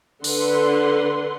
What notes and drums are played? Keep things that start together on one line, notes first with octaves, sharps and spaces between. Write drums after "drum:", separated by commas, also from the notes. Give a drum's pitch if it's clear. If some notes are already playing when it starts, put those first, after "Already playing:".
D3 B4 F#5 C6, drum: open hi-hat